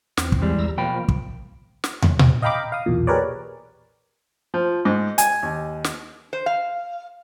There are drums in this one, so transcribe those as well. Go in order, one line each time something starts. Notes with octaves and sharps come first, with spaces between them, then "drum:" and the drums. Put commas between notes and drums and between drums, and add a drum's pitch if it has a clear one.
E2 C4, drum: snare
drum: kick
E3 G3 G#3
E2 A#5 E6
B2 F3 A#3 G5 B5
drum: kick
drum: snare
drum: tom
drum: tom A#2
D#5 F5 G5 A#5 B5 D6
F5 D#6
B1 E2 A#2
G4 G#4 A#4 B4 C#5 D5
F3
G#2
G#5, drum: hi-hat
D#2
drum: snare
C5
F5